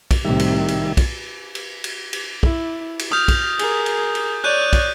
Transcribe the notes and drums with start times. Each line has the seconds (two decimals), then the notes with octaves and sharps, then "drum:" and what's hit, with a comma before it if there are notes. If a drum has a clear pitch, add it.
0.11 drum: kick, cymbal
0.25 C2 A2 C3 D#3 G3 E5
0.40 drum: cymbal
0.68 drum: cymbal
0.97 drum: kick, cymbal
1.55 drum: cymbal
1.84 drum: cymbal
2.13 drum: cymbal
2.43 E4, drum: kick
2.99 drum: cymbal
3.12 D#6 F6 G6
3.28 drum: kick, cymbal
3.59 G#4 A#4, drum: cymbal
3.86 drum: cymbal
4.15 drum: cymbal
4.44 C#5 D5 F#6 G6 D#7
4.73 drum: kick, cymbal